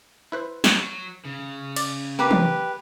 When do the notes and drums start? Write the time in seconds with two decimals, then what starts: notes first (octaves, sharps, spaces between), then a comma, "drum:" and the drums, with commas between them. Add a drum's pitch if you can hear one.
0.32 E4 B4 C5
0.64 drum: snare
0.76 F#3
1.25 C#3
1.76 D5, drum: cymbal
2.19 A#3 G4 B4 D6
2.31 drum: tom E3